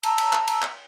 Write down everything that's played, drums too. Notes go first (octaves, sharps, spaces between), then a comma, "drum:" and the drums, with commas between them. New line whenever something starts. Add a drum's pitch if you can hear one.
A5 A#5 E6, drum: cymbal
drum: cymbal
drum: clap
drum: cymbal
drum: clap